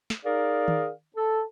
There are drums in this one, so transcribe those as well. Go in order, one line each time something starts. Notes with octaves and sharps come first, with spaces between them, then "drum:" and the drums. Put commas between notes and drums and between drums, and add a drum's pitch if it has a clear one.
drum: snare
D#4 G#4 A#4 D5 F5
drum: tom D#3
A4